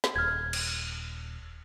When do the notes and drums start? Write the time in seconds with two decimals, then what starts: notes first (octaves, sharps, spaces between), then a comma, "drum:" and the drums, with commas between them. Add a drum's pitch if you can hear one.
0.04 drum: snare
0.16 D#1 F6 G#6
0.53 drum: cymbal